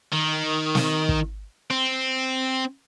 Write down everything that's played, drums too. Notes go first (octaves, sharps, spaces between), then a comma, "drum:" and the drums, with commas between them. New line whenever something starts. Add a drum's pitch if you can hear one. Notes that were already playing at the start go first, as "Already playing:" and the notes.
D#3
drum: snare
drum: kick
C4